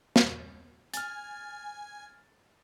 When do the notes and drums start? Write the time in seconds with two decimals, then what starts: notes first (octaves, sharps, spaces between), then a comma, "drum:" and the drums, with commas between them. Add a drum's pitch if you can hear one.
0.16 drum: snare
0.94 G#5 F6 A6, drum: hi-hat